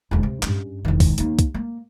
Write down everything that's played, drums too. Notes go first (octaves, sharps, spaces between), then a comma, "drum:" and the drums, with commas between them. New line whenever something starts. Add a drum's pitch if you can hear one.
E1 D2
C3
G2 C#4, drum: clap
E1 D#3
drum: kick, open hi-hat
D#2 A#3, drum: hi-hat
drum: kick, hi-hat
A#3